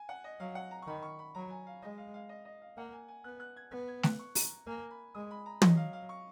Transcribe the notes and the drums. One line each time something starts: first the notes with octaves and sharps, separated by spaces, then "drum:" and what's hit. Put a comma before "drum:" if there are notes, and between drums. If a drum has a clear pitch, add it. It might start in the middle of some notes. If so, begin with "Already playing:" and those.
Already playing: G#5
F#5
D#5
F#3 F5
F#5
A#5
C#6
D#3 B5
C#6
B5
F#3 A#5
G#5
F5
G#3 D#5
F5
F5
D#5
D#5
F5
A#3 F#5
G#5
G#5
B3 F#6
F#6
G#6
B3
G#6
F#6, drum: snare A3
C#6
A#5, drum: open hi-hat
A#3 G#5
B5
G#3 D#6
B5
A#5
F#3 D#5, drum: tom
F5
F5
C#6